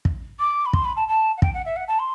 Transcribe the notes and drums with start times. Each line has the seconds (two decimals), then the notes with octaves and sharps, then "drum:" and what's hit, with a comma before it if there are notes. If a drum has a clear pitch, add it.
0.05 drum: kick
0.39 D6
0.65 B5
0.73 C6, drum: kick
0.84 B5
0.96 A5
1.08 A5
1.37 F#5
1.42 G5, drum: kick
1.54 F#5
1.65 E5
1.76 F#5
1.88 A5
1.99 C6